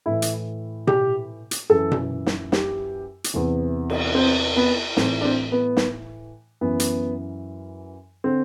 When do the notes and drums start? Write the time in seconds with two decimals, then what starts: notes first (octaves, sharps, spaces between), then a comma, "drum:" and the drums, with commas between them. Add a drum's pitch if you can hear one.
0.06 A2 E3 E4
0.22 drum: hi-hat
0.87 G4, drum: tom B2
1.51 drum: hi-hat
1.70 F#2 E3 A4
1.91 drum: tom B2
2.26 drum: snare
2.52 G4, drum: snare
3.24 drum: hi-hat
3.34 E2 C3 E3
3.90 drum: cymbal
4.15 C4
4.56 B3
4.97 A2 E3 C4, drum: snare
5.21 D4
5.25 C4
5.52 B3
5.77 drum: snare
6.61 F#2 E3 B3
6.80 drum: hi-hat
8.24 D3 C4